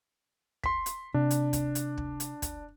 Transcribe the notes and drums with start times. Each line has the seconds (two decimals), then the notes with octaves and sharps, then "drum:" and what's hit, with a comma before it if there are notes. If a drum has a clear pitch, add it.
0.64 C6 B6, drum: kick
0.86 drum: hi-hat
1.14 C3 D4
1.31 drum: hi-hat
1.53 drum: kick, hi-hat
1.75 drum: hi-hat
1.98 drum: kick
2.20 drum: hi-hat
2.42 drum: kick, hi-hat